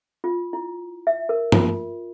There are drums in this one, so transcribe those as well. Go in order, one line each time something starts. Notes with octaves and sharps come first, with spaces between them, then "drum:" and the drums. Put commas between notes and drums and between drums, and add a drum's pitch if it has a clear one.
F4
E4
E5
A#4
F4, drum: tom